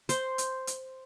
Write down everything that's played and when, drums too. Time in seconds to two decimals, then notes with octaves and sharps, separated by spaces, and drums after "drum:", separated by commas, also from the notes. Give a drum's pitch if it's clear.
0.09 C5, drum: hi-hat
0.38 drum: hi-hat
0.67 drum: hi-hat